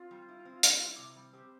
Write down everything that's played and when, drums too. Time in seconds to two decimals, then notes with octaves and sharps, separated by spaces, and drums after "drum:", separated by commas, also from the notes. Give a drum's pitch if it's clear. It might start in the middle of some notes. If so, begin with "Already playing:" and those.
Already playing: C4 F4
0.11 G3
0.29 E4
0.45 C4
0.63 G3, drum: hi-hat
0.81 E4
0.98 C3
1.16 G3
1.33 C4 G4